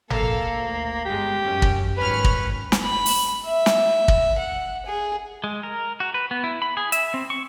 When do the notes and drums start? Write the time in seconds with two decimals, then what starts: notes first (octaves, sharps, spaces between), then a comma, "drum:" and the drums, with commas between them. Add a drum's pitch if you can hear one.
0.10 A#1 A#3 A4 F5, drum: tom G1
0.48 D2
1.05 G1 G#3 G4
1.42 F#2 C#4
1.62 drum: kick
1.97 G#1 C#4 B4 F6
2.24 drum: kick
2.72 drum: snare
2.84 B5
3.06 drum: open hi-hat
3.46 E5
3.66 drum: snare
4.08 drum: kick
4.38 F#5
4.86 G#4
5.44 G#3
5.63 A#4
6.00 F#4
6.14 B4
6.31 B3
6.44 E4
6.62 B5
6.77 G#4
6.92 E5, drum: hi-hat
7.14 C4
7.30 C#6